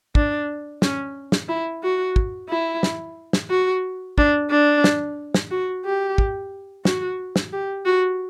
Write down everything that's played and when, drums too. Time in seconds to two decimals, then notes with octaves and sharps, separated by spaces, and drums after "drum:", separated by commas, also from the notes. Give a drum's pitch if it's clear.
0.15 D4, drum: kick
0.82 C#4, drum: snare
1.32 drum: snare
1.49 E4
1.83 F#4
2.16 drum: kick
2.49 E4
2.83 drum: snare
3.33 drum: snare
3.50 F#4
4.18 D4, drum: kick
4.51 D4
4.84 drum: snare
5.35 drum: snare
5.51 F#4
5.85 G4
6.18 drum: kick
6.85 F#4, drum: snare
7.36 drum: snare
7.52 G4
7.85 F#4